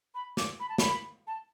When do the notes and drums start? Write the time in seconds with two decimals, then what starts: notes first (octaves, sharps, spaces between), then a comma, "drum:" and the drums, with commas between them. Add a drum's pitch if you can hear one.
0.15 B5
0.37 D6, drum: snare
0.60 B5
0.69 A5
0.78 B5, drum: snare
1.27 A5